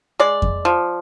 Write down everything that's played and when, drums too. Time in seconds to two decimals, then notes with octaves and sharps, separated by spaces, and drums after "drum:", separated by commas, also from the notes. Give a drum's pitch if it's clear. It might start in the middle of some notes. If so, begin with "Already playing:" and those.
0.20 G#3 D5
0.42 drum: kick F2
0.65 F3